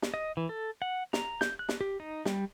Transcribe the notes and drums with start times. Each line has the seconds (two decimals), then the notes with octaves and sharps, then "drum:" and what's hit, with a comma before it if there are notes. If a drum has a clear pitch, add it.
0.02 drum: snare
0.14 D#5
0.37 E3
0.49 A4
0.82 F#5
1.13 A#5, drum: snare
1.41 G6, drum: snare
1.59 F#6
1.69 drum: snare
1.81 G4
2.00 D#4
2.25 G3, drum: snare